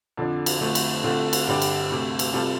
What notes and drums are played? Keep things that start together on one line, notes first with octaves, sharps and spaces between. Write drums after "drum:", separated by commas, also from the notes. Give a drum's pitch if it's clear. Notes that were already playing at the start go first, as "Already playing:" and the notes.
F2 D3 F3 D4
drum: cymbal
F2 D3 F3 A3
drum: cymbal
D3 A3 C4 F4
drum: cymbal
G2 D3 G3 D4 G4
drum: cymbal
D2 C3 A3
drum: cymbal
C3 G3 F4 A4